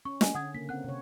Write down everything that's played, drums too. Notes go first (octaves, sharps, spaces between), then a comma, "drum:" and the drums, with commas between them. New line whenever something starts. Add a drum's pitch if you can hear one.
C#4 C#6
D#5 G#5, drum: snare
D3 F#5 D#6 G#6
C#3 A#3 B6
C4 C#4 F#5 F#6
C3 C#5